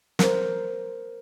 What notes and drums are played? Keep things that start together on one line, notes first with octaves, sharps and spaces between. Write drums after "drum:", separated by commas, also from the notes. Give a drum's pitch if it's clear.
A#4 C5, drum: snare